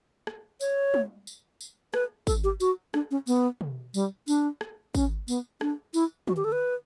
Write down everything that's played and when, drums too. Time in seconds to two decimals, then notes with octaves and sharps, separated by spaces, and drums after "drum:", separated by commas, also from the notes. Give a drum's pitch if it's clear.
0.27 drum: rim click
0.61 C#5, drum: tambourine
0.94 drum: tom
1.27 drum: tambourine
1.61 drum: tambourine
1.94 B4, drum: rim click
2.27 A4, drum: kick, tambourine
2.44 G4
2.60 F#4, drum: tambourine
2.94 D4, drum: rim click
3.11 C#4
3.27 B3, drum: tambourine
3.61 drum: tom
3.94 G3, drum: tambourine
4.28 D4, drum: tambourine
4.61 drum: rim click
4.95 C#4, drum: kick, tambourine
5.28 B3, drum: tambourine
5.61 D4, drum: rim click
5.94 E4, drum: tambourine
6.28 F#4, drum: tom
6.37 G4
6.44 A4
6.52 B4